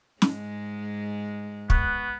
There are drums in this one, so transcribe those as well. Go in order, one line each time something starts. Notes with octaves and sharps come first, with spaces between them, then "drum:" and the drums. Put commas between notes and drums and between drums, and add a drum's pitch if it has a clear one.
G#2 G#3, drum: snare
B3 C#6 F#6, drum: kick